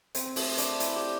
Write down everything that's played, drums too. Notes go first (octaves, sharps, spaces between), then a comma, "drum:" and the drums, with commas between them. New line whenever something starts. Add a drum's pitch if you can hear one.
C4, drum: hi-hat
A3, drum: open hi-hat
D4, drum: hi-hat
E4, drum: hi-hat
G4